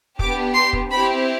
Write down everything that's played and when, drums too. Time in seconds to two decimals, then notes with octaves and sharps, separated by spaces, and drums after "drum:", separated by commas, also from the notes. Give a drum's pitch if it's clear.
0.19 B3 D4 G4 D6, drum: kick
0.55 C6
0.73 drum: kick
0.91 C4 E4 G4 B5